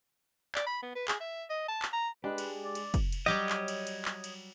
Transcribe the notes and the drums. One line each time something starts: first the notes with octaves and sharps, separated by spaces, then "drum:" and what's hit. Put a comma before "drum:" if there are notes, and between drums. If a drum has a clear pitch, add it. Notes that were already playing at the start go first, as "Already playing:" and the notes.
D5, drum: clap
B5
B3
B4
G#4, drum: clap
E5
D#5
A5
drum: clap
A#5
G#3 D4 G4 B4
drum: cymbal
D5
drum: cymbal
drum: kick, cymbal
drum: cymbal
F#3 G3 G4 C#5 D#5
drum: clap
drum: cymbal
drum: cymbal
drum: clap
drum: cymbal